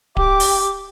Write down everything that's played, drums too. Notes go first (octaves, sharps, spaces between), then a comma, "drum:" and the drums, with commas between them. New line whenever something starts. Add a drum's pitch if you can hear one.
G4 D6, drum: kick D1
drum: open hi-hat